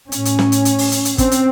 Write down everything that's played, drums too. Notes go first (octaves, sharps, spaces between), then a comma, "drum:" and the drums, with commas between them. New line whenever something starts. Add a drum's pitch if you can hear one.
A2 C#4, drum: hi-hat
drum: hi-hat
drum: snare
drum: hi-hat
drum: hi-hat
drum: open hi-hat
drum: hi-hat
drum: hi-hat
C4, drum: kick, hi-hat
drum: hi-hat